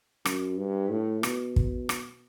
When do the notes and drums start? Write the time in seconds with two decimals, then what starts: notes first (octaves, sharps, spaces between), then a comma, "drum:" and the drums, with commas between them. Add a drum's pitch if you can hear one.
0.25 F#2, drum: rim click
0.58 G2
0.90 A2
1.23 B2, drum: rim click
1.56 drum: kick
1.89 drum: rim click